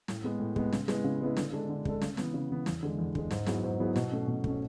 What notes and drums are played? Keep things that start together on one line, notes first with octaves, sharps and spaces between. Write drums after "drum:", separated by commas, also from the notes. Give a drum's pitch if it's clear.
A2, drum: snare
G#3 B3
A2
G#3 B3, drum: kick
C#3, drum: snare
G#3 B3 E4 B4, drum: snare
C#3
G#3 B3 E4 B4
D3, drum: snare
G#3 D4 A4
D3
G#3 D4 A4, drum: kick
C#3, drum: snare
E3 B3, drum: snare
C#3
E3 B3
E2, drum: snare
D3 G#3
E2
D3 G#3, drum: kick
G#2, drum: snare
F#3 B3 E4 G#4, drum: snare
G#2
F#3 B3 E4 G#4
B2, drum: snare
A3 C#4
B2
A3 C#4, drum: kick